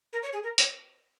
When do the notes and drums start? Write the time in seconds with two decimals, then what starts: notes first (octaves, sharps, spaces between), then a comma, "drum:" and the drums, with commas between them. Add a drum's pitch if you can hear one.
0.13 A#4
0.23 C#5
0.33 G#4
0.43 A#4
0.58 C#5, drum: hi-hat